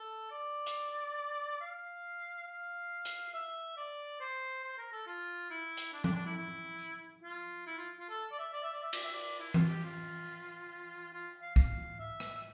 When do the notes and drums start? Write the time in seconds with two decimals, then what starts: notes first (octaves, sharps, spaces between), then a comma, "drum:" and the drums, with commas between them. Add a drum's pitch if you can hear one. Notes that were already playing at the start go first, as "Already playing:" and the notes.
Already playing: A4
0.31 D5
0.66 drum: hi-hat
1.61 F5
2.47 F5
3.05 drum: hi-hat
3.34 E5
3.77 D5
4.20 C5
4.64 C5
4.78 A#4
4.93 A4
5.07 F4
5.50 E4
5.77 drum: hi-hat
5.93 D4
6.04 D4, drum: tom F3
6.15 D4
6.26 E4
6.37 E4
6.79 drum: tambourine
7.23 F4
7.67 E4
7.78 F4
7.99 F4
8.10 A4
8.31 D5
8.39 E5
8.53 D5
8.63 E5
8.73 D5
8.83 E5
8.93 D5, drum: cymbal
9.03 E5
9.13 D5
9.40 E4
9.54 F4, drum: tom E3
9.68 G4
9.83 F4
11.13 F4
11.42 F5
11.56 F5, drum: kick
11.99 E5
12.20 drum: rim click